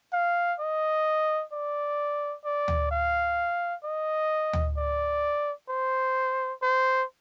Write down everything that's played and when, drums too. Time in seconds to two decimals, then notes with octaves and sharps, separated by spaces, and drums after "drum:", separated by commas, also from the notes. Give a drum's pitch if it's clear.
0.13 F5
0.60 D#5
1.52 D5
2.45 D5
2.68 drum: tom D2
2.91 F5
3.84 D#5
4.53 drum: tom D2
4.77 D5
5.69 C5
6.62 C5